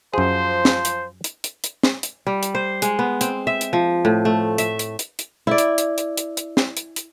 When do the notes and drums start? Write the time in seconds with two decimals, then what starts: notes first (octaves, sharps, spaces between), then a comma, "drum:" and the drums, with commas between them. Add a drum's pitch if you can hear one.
0.14 F#2 F3 G#4 C5
0.65 drum: snare
0.85 drum: hi-hat
1.24 drum: hi-hat
1.44 drum: hi-hat
1.64 drum: hi-hat
1.83 drum: snare
2.03 drum: hi-hat
2.27 G3
2.43 drum: hi-hat
2.55 C5
2.82 G#3, drum: hi-hat
2.99 B3
3.21 C4, drum: hi-hat
3.47 E5
3.61 drum: hi-hat
3.73 F3
4.05 A2
4.25 A3
4.58 E5, drum: hi-hat
4.79 drum: hi-hat
4.99 drum: hi-hat
5.19 drum: hi-hat
5.47 E4 D5
5.58 drum: hi-hat
5.78 drum: hi-hat
5.98 drum: hi-hat
6.17 drum: hi-hat
6.37 drum: hi-hat
6.57 drum: snare
6.77 drum: hi-hat
6.96 drum: hi-hat